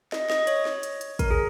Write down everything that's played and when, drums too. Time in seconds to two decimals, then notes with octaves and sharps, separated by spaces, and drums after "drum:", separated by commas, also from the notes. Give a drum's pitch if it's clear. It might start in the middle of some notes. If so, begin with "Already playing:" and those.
0.12 D#5, drum: snare
0.30 D#5, drum: snare
0.47 C#5, drum: hi-hat
0.65 drum: snare
0.83 drum: hi-hat
1.01 drum: hi-hat
1.19 A#4, drum: kick, hi-hat
1.31 G#4